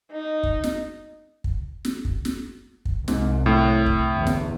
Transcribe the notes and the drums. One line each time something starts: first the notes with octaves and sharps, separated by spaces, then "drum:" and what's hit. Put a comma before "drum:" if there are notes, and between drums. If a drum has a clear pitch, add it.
D#4
drum: kick
drum: snare
drum: kick
drum: snare
drum: kick
drum: snare
drum: kick
C2 G#2, drum: snare
A2
drum: kick
G1 E2
drum: snare